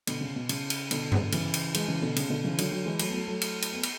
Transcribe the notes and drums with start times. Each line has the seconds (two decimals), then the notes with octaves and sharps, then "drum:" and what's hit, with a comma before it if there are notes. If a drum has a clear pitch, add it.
0.07 B2 D3, drum: cymbal
0.21 C#3
0.36 B2
0.49 C#3, drum: cymbal
0.70 drum: cymbal
0.91 B2 D3, drum: cymbal
1.12 drum: tom G2
1.32 C#3 E3, drum: cymbal
1.54 drum: cymbal
1.74 E3 G#3, drum: cymbal
1.88 C#3 E3
2.02 B2 D3
2.16 C#3, drum: cymbal
2.30 B2 D3
2.44 C#3 E3
2.58 D3 F#3, drum: cymbal
2.72 D3 F#3
2.85 E3 G#3
2.99 F#3 A3, drum: cymbal
3.09 B3
3.14 F#3 A3
3.27 F#3 A3
3.41 drum: cymbal
3.62 drum: cymbal
3.73 B3
3.83 drum: cymbal